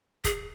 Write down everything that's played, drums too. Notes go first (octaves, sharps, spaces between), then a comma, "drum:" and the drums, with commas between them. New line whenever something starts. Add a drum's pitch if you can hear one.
G#4, drum: kick, hi-hat